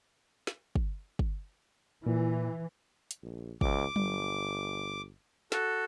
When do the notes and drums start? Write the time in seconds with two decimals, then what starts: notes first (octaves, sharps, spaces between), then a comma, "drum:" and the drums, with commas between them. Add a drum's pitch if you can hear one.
0.47 drum: snare
0.75 drum: kick
1.19 drum: kick
2.06 A#2 E3
3.11 drum: hi-hat
3.22 A#1
3.61 C#2 D6, drum: kick
3.96 G1, drum: tom F#3
5.52 F#4 A4, drum: snare